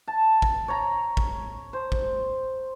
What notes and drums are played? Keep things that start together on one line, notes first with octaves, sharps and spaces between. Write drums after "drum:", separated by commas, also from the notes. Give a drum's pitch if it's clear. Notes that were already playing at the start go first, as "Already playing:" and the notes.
A5
drum: kick
C#5 A#5
drum: kick
C5
drum: kick